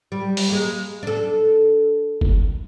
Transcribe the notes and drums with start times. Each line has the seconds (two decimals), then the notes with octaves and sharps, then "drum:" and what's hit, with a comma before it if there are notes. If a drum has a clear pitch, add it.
0.12 G3
0.37 drum: open hi-hat
0.49 G#3 A#3
1.03 D4 A4
2.21 drum: kick